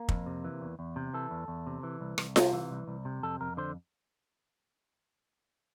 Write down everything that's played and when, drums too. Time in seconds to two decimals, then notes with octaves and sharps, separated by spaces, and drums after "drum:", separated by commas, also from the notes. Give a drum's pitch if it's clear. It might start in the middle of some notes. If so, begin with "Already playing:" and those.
Already playing: A#3
0.09 F2, drum: kick
0.26 C3
0.44 E3
0.61 E2
0.79 E2
0.96 C3
1.14 E3 A4
1.31 E2
1.48 E2
1.67 C3
1.83 E3
2.01 C2
2.18 C2, drum: rim click
2.36 C3, drum: snare F4
2.53 E3
2.71 C2
2.87 C2
3.05 C3
3.23 F2 A4
3.41 F2 A#4
3.57 D3 C5